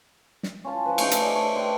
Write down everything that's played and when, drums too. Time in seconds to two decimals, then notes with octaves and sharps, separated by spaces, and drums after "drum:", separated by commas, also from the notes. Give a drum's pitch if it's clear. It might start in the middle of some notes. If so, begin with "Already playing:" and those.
0.43 drum: snare
0.64 C#4 F4 A5
0.86 F3 B4
0.98 A3 C#4 D#4, drum: cymbal
1.11 drum: hi-hat
1.21 D4 D#5 E5
1.35 C#5
1.55 D4 B4 G5 C6